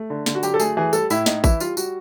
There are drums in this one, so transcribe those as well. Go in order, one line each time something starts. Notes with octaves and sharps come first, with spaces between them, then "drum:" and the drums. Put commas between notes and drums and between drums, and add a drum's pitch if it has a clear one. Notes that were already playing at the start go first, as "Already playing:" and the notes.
Already playing: A3
D3
D3, drum: snare
F#4
F#3 G4, drum: tambourine
A4
A3 G#4, drum: tambourine
E3 G#4
G3 A4, drum: tambourine
A2 E4, drum: tambourine
A2 D#4, drum: snare
E3 E4, drum: kick A1, tambourine
G3 F4, drum: tambourine
G3 F#4, drum: tambourine